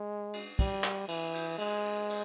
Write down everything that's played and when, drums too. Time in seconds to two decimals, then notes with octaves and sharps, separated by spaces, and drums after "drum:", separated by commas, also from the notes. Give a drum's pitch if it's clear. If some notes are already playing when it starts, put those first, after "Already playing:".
Already playing: G#3
0.33 drum: cymbal
0.59 G3, drum: kick, cymbal
0.84 drum: clap
1.08 E3, drum: cymbal
1.34 drum: cymbal
1.58 G#3, drum: cymbal
1.84 drum: cymbal
2.09 drum: cymbal